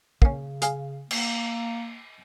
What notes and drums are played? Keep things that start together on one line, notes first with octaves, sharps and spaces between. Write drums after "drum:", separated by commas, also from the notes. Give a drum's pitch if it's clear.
C#3 A#3 C#4, drum: kick
G#4 F5 G#5, drum: hi-hat
A#3, drum: cymbal